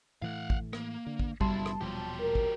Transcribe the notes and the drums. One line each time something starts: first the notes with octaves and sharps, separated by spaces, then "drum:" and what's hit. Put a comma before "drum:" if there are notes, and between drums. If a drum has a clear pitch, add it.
A2 E3 A3 F5 F#5
drum: kick
A#3, drum: rim click
D3
drum: kick
F#1 F#2 B2 G3 E4 A5 C6, drum: kick
drum: rim click
D#1 B2 F3 F#3 G4
A#4
drum: kick